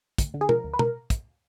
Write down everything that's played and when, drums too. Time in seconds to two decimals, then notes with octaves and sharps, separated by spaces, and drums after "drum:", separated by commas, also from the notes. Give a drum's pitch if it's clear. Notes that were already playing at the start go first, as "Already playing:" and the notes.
0.18 D2, drum: kick, hi-hat
0.34 D3
0.41 G#4
0.49 F3 A#4, drum: tom
0.64 D2
0.73 B4
0.79 A#4, drum: tom
1.10 drum: kick, hi-hat